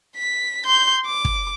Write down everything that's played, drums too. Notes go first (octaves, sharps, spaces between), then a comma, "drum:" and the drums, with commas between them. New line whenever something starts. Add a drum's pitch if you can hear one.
B6
C6 G6
D6
drum: kick